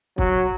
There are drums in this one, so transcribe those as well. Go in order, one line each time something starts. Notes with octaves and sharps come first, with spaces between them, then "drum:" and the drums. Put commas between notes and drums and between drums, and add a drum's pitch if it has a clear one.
F#3, drum: kick